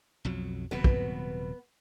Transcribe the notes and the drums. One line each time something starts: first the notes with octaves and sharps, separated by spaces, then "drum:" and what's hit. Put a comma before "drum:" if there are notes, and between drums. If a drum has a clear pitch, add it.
B1 F2 F#3
D#1 C3 F#3 B3 B4
drum: kick